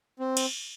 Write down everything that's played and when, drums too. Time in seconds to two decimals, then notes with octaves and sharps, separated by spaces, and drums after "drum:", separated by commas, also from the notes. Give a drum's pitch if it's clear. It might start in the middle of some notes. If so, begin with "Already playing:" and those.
0.19 C4
0.37 drum: cymbal